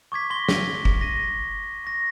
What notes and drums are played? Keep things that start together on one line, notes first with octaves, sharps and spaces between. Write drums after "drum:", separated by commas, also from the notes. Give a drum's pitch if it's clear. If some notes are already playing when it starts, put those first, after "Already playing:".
C#6 D6 G#6 B6
C6 A#6 G7
drum: snare
drum: kick
A#6 D#7
C#6 A#6